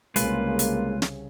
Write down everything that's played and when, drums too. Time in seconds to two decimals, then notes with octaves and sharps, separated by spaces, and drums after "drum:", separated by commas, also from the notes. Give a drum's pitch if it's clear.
0.16 C2 C#3 G#3 A#3 F4 B4, drum: hi-hat
0.59 drum: hi-hat
1.02 drum: snare